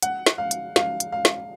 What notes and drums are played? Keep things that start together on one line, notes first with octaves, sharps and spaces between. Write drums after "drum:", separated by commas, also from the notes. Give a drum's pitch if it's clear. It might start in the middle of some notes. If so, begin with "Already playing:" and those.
F#5, drum: hi-hat
drum: snare
F5
drum: hi-hat
F5, drum: snare
drum: hi-hat
F5
drum: snare